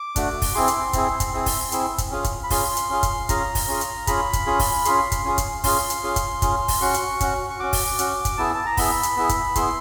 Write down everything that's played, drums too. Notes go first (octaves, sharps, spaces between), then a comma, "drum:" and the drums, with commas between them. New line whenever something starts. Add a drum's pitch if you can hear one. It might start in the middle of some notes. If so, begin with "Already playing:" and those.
Already playing: D6
A3 D4 F#4, drum: kick, hi-hat
drum: kick, open hi-hat
C4 E4 G#4 C6
drum: hi-hat
C4 E4 G#4, drum: kick, hi-hat
drum: kick, hi-hat
C4 E4 G#4
drum: kick, open hi-hat
C4 E4 G#4, drum: hi-hat
drum: kick, hi-hat
C#4 F4 G#4
drum: kick, hi-hat
B5
C#4 F4 G#4 C6, drum: kick, open hi-hat
drum: hi-hat
C#4 F4 G#4
drum: kick, hi-hat
C#4 F4 G#4 A#5, drum: kick, hi-hat
drum: kick, open hi-hat
C#4 F4 G#4
drum: hi-hat
C#4 F4 G#4 B5, drum: kick, hi-hat
drum: kick, hi-hat
C#4 F4 G#4
drum: kick, open hi-hat
C#4 F4 G#4 C6, drum: hi-hat
drum: kick, hi-hat
C#4 F4 G#4
drum: kick, hi-hat
C#4 F4 G#4 C6, drum: kick, open hi-hat
drum: hi-hat
C#4 F4 G#4
drum: kick, hi-hat
C#4 F4 G#4, drum: kick, hi-hat
drum: kick, open hi-hat
C#4 F#4 C#6
drum: hi-hat
C#4 F#4, drum: kick, hi-hat
C#6
C#4 F#4 D6
drum: kick, open hi-hat
C#4 F#4, drum: hi-hat
drum: kick, hi-hat
B3 E4 G#4 A5
A5
A#5
B3 E4 G#4 B5, drum: kick, open hi-hat
drum: hi-hat
B3 E4 G#4
drum: kick, hi-hat
B3 E4 G#4 C6, drum: kick, hi-hat